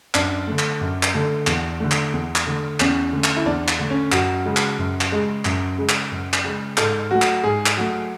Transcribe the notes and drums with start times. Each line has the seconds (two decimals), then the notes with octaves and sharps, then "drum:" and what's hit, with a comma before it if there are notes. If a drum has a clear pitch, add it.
0.15 F#2 D4, drum: clap
0.48 D3 A3
0.59 drum: clap
0.81 F#2
1.03 drum: clap
1.14 D3 A3
1.47 E2, drum: clap
1.80 D3 A3
1.91 drum: clap
2.13 E2
2.36 drum: clap
2.47 D3 A3
2.80 E2 C#4, drum: clap
3.13 D3 A3
3.24 drum: clap
3.37 E4
3.46 E2 D4
3.68 drum: clap
3.79 D3 A3
3.90 C#4
4.12 F#2 F#4, drum: clap
4.45 C#3 G#3
4.57 drum: clap
4.79 F#2
5.01 drum: clap
5.12 C#3 G#3
5.45 F#2, drum: clap
5.78 C#3 G#3
5.89 drum: clap
6.11 F#2
6.33 drum: clap
6.45 C#3 G#3
6.77 G#2 A4, drum: clap
7.11 F#3 A3 F#4
7.22 drum: clap
7.44 G#2 G#4
7.66 drum: clap
7.77 F#3 A3